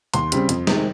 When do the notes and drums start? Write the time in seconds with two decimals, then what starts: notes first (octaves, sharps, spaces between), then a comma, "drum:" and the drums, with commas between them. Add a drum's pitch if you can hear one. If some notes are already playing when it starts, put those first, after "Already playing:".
0.14 D#2 C6, drum: hi-hat
0.32 C#3 G3 C4, drum: hi-hat
0.49 F2, drum: hi-hat
0.67 C3 D#3 G#3 C4, drum: snare